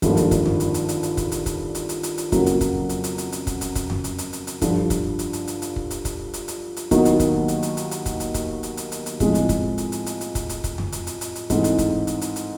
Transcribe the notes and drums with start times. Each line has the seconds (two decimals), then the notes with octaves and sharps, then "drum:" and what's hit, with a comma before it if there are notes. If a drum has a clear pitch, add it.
0.02 G#1 G2 D3 F3 A#3, drum: kick, hi-hat
0.17 drum: hi-hat
0.31 drum: kick, hi-hat
0.46 drum: tom F2
0.60 drum: hi-hat
0.74 drum: hi-hat
0.89 drum: hi-hat
1.03 drum: hi-hat
1.17 drum: kick, hi-hat
1.32 drum: hi-hat
1.46 drum: kick, hi-hat
1.75 drum: hi-hat
1.89 drum: hi-hat
2.03 drum: hi-hat
2.18 drum: hi-hat
2.32 F2 C#3 F#3 A#3, drum: kick, hi-hat
2.46 drum: hi-hat
2.61 drum: kick, hi-hat
2.89 drum: hi-hat
3.04 drum: hi-hat
3.18 drum: hi-hat
3.32 drum: hi-hat
3.47 drum: kick, hi-hat
3.61 drum: hi-hat
3.75 drum: kick, hi-hat
3.90 drum: tom F2
4.04 drum: hi-hat
4.18 drum: hi-hat
4.33 drum: hi-hat
4.47 drum: hi-hat
4.62 G2 D3 F3, drum: kick, hi-hat
4.90 drum: kick, hi-hat
5.19 drum: hi-hat
5.33 drum: hi-hat
5.47 drum: hi-hat
5.62 drum: hi-hat
5.76 drum: kick
5.90 drum: hi-hat
6.05 drum: kick, hi-hat
6.34 drum: hi-hat
6.48 drum: hi-hat
6.77 drum: hi-hat
6.91 D#2 D#3 F#3 B3, drum: kick, hi-hat
7.05 drum: hi-hat
7.20 drum: kick, hi-hat
7.48 drum: hi-hat
7.63 drum: hi-hat
7.77 drum: hi-hat
7.91 drum: hi-hat
8.06 drum: kick, hi-hat
8.20 drum: hi-hat
8.34 drum: kick, hi-hat
8.63 drum: hi-hat
8.77 drum: hi-hat
8.92 drum: hi-hat
9.06 drum: hi-hat
9.20 A2 F3 G#3 C4, drum: kick, hi-hat
9.35 drum: hi-hat
9.49 drum: kick, hi-hat
9.78 drum: hi-hat
9.92 drum: hi-hat
10.06 drum: hi-hat
10.21 drum: hi-hat
10.35 drum: kick, hi-hat
10.49 drum: hi-hat
10.64 drum: kick, hi-hat
10.78 drum: tom F2
10.92 drum: hi-hat
11.07 drum: hi-hat
11.21 drum: hi-hat
11.35 drum: hi-hat
11.50 G#2 E3 A3 C4, drum: kick, hi-hat
11.64 drum: hi-hat
11.78 drum: kick, hi-hat
12.07 drum: hi-hat
12.21 drum: hi-hat
12.36 drum: hi-hat